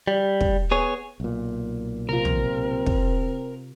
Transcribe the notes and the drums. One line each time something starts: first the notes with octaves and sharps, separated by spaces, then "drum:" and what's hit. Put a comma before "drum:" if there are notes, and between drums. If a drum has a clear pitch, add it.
G3
drum: kick
B3 G#4 C#5
B1 A#2
C3 C4 F4 A#4
drum: tom
drum: kick